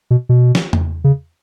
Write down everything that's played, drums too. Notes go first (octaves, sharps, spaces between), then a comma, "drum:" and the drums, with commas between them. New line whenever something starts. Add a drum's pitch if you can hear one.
B2
B2
drum: snare
drum: tom E2
C#3